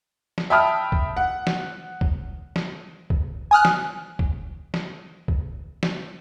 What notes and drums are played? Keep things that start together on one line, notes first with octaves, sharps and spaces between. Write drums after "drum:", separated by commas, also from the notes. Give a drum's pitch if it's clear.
drum: snare
E5 G5 A5 B5 D#6 F6
drum: kick
F#5
drum: snare
drum: kick
drum: snare
drum: kick
G#5 D#6 F6 F#6
drum: snare
drum: kick
drum: snare
drum: kick
drum: snare